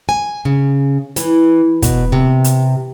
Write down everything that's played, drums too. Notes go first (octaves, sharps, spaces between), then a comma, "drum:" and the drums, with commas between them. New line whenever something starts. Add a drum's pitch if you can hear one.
G#5
C#3
E3, drum: hi-hat
B2, drum: kick, hi-hat
C3
drum: hi-hat